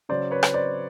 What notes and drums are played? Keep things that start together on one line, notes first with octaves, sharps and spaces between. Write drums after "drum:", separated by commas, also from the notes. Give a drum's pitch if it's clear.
C#3 F#3 C5 D5
B4 C#5
drum: rim click
C5 D5